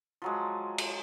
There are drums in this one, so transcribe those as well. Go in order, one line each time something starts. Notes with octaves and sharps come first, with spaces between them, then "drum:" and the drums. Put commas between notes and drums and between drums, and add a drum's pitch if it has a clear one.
F3 F#3 G#3
drum: cymbal